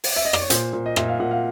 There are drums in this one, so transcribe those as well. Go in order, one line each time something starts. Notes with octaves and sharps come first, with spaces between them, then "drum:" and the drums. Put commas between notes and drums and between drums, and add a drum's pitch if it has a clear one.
drum: open hi-hat
E5
D#5
D5, drum: rim click
C#5
A#2 C5, drum: hi-hat
A#2
D#5
A#2 E5, drum: rim click
F5
A#2 F#5
F5